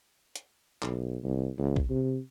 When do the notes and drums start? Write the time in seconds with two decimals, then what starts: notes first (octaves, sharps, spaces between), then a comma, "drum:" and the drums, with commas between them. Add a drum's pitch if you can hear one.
0.36 drum: hi-hat
0.82 B1, drum: clap
1.24 C2
1.58 C#2
1.76 drum: kick
1.90 C3